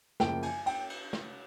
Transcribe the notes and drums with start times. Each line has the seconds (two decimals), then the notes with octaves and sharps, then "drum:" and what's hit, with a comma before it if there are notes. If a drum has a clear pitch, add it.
0.20 F#2 C#3 F3 A#3 G5, drum: snare
0.43 G#5, drum: cymbal
0.66 G5, drum: cymbal
0.90 drum: cymbal
1.13 drum: snare